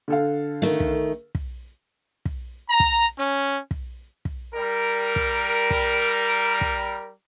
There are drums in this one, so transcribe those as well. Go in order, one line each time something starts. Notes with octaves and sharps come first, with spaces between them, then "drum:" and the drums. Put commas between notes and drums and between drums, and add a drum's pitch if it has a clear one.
D3 A4 F5
D#3 A3
drum: kick
drum: kick
drum: kick
A#5
drum: kick
C#4
drum: kick
drum: kick
G3 A#4
drum: kick
drum: kick
drum: kick